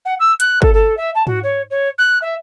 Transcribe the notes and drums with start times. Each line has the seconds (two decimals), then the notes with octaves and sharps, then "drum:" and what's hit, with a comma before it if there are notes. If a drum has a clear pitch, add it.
0.05 F#5
0.20 E6
0.40 F#6, drum: hi-hat
0.62 A4, drum: kick
0.73 A4
0.97 E5
1.15 A5
1.27 F#4, drum: tom G#2
1.43 C#5
1.71 C#5
1.98 F#6
2.22 E5